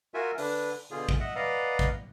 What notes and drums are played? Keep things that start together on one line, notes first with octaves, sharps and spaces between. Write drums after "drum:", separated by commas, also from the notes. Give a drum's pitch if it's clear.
F4 F#4 A#4 E5 G#5
D3 D4 B4, drum: open hi-hat
B2 D3 F4 G#4
drum: kick
D#5 E5 F#5
B4 D5 D#5 F5 F#5 A#5
drum: kick, hi-hat